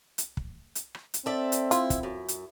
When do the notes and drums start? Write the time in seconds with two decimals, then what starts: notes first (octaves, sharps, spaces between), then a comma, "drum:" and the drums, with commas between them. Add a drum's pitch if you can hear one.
0.18 drum: hi-hat
0.37 drum: kick
0.75 drum: hi-hat
0.95 drum: rim click
1.14 drum: hi-hat
1.26 C4 A4 D5 E5
1.52 drum: hi-hat
1.71 E4 F4, drum: hi-hat
1.90 drum: kick, hi-hat
2.03 F#2
2.28 drum: hi-hat